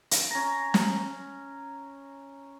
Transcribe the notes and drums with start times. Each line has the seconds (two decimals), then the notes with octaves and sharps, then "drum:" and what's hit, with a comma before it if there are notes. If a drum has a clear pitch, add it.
0.11 drum: hi-hat
0.31 C#4 A#5
0.74 drum: snare